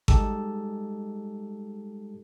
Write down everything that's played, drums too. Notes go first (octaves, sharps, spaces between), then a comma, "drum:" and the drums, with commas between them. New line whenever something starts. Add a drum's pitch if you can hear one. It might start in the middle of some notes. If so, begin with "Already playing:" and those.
G3 G#3 D#4 G4 A4, drum: kick G#1